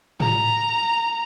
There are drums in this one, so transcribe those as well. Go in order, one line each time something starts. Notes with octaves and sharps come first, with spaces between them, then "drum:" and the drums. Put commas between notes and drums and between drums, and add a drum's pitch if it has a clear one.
A#5, drum: tom A2